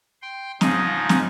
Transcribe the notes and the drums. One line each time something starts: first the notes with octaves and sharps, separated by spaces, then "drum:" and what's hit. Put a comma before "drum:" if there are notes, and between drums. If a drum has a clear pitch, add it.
G5 C6
G#2 C#3 F3 D#4 G#4 D#5, drum: snare
drum: snare